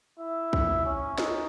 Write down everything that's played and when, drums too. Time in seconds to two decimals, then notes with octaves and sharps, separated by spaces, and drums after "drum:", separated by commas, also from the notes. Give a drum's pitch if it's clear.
0.20 E4
0.53 drum: kick
0.86 C#4
1.18 D#4, drum: snare E4